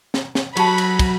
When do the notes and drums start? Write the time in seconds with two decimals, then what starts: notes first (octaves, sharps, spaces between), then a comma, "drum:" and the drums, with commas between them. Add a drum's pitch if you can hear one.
0.14 drum: snare
0.35 drum: snare
0.57 F#3 G4 A5 B5, drum: cymbal
0.78 drum: cymbal
0.99 drum: kick, cymbal